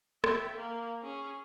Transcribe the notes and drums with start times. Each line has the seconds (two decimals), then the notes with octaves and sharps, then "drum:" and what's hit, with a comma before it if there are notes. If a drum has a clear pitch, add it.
0.24 E5 G5, drum: rim click
0.56 A#3
1.03 C#4 G#4